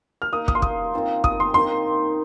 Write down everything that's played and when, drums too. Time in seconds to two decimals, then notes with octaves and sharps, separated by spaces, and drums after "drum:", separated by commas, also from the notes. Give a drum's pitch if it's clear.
0.22 F6
0.32 A#3 D#4 A#4 F5 D#6
0.48 D#6, drum: kick
0.55 C6
0.62 D#6, drum: kick
0.93 D#3 C4 F4
1.24 D#6, drum: kick
1.40 C6
1.54 D#3 C4 D#4 C6